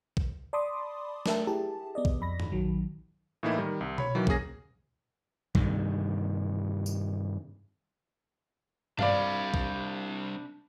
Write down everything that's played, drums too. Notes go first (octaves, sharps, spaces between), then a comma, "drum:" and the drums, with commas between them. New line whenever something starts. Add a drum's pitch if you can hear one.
drum: kick B1
D5 A5 B5 C6 D6 D#6
A3 D4 A#4 E5 G5 A5, drum: snare
E4 G4 G#4 A5
B3 D5 D#5
drum: kick B1
F2 B5 A#6
drum: tom G2
A#1 D#3 F#3
A2 E3 A#3 D#4 E4
D#3 G3
C2
C#5 B5, drum: tom B2
D#3 E3 F#3
A#3 C#4 G#4 A#6, drum: kick B1
G2 C3 D#3, drum: kick B1
drum: tambourine
G3 C4 D4 D5 F5 B5, drum: tom G2
drum: kick B1